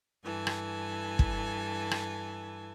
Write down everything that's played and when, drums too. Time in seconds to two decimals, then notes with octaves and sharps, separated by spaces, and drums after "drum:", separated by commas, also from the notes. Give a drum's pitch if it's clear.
0.23 G2 E3 A4 G#5
0.47 drum: rim click
1.19 drum: kick
1.91 drum: rim click